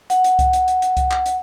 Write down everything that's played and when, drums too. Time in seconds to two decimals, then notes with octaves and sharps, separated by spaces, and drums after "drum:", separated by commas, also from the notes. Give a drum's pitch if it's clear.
0.10 F#5, drum: hi-hat
0.24 drum: hi-hat
0.39 drum: kick C2, hi-hat
0.53 drum: hi-hat
0.68 drum: hi-hat
0.82 drum: hi-hat
0.97 drum: kick C2, hi-hat
1.11 drum: clap
1.26 drum: hi-hat